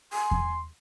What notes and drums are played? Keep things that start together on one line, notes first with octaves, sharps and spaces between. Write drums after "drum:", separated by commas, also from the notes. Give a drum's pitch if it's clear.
G#5 C6
drum: kick E2